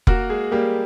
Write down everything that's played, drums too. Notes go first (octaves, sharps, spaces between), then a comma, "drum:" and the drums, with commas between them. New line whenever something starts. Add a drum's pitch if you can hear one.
A#3 F#4 A#4, drum: kick F1
G#3 G#4
G3 A#3 G4